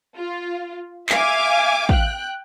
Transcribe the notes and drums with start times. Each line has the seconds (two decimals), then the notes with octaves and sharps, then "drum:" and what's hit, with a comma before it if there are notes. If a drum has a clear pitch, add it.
0.16 F4
1.09 E5 F5 G#5 D6, drum: clap
1.89 G5 F#6, drum: kick